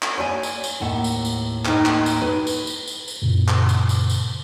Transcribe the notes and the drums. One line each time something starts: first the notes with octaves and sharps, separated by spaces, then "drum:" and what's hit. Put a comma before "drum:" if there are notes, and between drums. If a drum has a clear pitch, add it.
drum: clap
C#5 D5 G#5
drum: tambourine
drum: tambourine
D#2 A2 F#5
drum: tambourine
drum: tambourine
D#2 A2 D#4 G5, drum: clap
drum: clap
drum: tambourine
B4
drum: tambourine
drum: tambourine
drum: tambourine
drum: tambourine
F#2 A#2 C#3
drum: clap
drum: tambourine
drum: tambourine
drum: tambourine